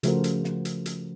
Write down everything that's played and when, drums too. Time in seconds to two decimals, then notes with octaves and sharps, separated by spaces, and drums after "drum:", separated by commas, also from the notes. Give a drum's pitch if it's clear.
0.03 C#3 F3 A3 F#4 A#4 C5, drum: hi-hat
0.24 drum: hi-hat
0.44 drum: snare
0.65 drum: hi-hat
0.86 drum: hi-hat